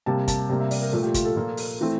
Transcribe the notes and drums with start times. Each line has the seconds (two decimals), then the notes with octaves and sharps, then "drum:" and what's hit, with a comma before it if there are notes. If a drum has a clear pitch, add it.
0.06 C3 G3 A#3 A5
0.28 A5, drum: kick, hi-hat
0.49 C3 G3 A#3
0.60 E5
0.71 D5, drum: open hi-hat
0.82 A#4
0.92 A#2 F3 A3
1.03 G4
1.14 F4, drum: kick, hi-hat
1.25 A4
1.36 A#2 F3 A#3
1.57 drum: open hi-hat
1.81 E3 A3 C4